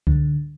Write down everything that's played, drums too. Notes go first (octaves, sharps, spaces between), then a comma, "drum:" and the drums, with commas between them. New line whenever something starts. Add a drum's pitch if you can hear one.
D3, drum: kick C#2